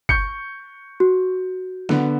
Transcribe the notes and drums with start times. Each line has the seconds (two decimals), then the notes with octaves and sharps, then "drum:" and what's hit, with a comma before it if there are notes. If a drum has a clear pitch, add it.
0.09 C#6 G6 C#7, drum: kick G1
1.00 F#4
1.89 D3 B3, drum: snare